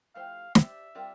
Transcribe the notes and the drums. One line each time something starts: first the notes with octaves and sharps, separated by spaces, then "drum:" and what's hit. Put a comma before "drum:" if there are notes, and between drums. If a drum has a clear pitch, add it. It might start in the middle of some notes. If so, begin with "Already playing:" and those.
F3 A3 E4 G4 C5 F5
D4 G4 C5 E5, drum: snare
G3 C4 F4 A#4 D5